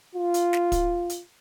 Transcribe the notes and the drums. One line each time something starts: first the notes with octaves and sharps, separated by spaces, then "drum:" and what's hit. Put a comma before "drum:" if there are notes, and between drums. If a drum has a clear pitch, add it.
F4
drum: hi-hat
drum: snare
drum: kick, hi-hat
drum: hi-hat